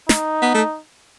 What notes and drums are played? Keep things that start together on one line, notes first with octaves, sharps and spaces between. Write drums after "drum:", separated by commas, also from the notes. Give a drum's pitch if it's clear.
D#4, drum: snare
B3
A3